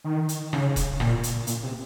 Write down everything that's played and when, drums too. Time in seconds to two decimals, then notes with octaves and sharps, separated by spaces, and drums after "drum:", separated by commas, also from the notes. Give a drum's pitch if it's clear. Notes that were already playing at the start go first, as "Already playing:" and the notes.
0.04 D#3
0.29 drum: hi-hat
0.53 C#3, drum: rim click
0.76 drum: kick, hi-hat
1.00 A#2, drum: rim click
1.23 drum: hi-hat
1.47 A#2, drum: hi-hat
1.63 C3